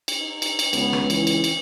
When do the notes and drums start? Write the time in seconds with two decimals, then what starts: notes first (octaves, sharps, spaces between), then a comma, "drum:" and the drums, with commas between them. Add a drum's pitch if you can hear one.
0.08 drum: cymbal
0.20 D#4
0.42 drum: cymbal
0.59 drum: cymbal
0.73 C#2 B3, drum: cymbal
0.93 drum: rim click
1.10 E3 G#3, drum: cymbal
1.27 drum: cymbal
1.44 drum: cymbal